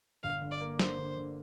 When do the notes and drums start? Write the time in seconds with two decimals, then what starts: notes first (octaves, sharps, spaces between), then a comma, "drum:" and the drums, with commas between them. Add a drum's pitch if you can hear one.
0.23 G1 F5
0.42 D3
0.51 D5
0.61 A#3
0.79 D3 C5, drum: snare
0.99 D3
1.17 D3